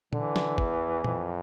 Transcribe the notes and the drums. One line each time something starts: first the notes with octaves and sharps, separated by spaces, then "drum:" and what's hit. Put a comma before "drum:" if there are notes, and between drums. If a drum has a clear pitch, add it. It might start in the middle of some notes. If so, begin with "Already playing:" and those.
D3 E3, drum: tom A#2
drum: snare
E2, drum: kick G1
F2, drum: tom A#2